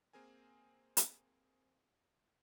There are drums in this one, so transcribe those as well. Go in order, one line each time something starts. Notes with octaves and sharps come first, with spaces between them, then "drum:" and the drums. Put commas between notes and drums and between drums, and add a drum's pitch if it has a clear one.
A#3 C4 G#4 A#4 G#5
drum: hi-hat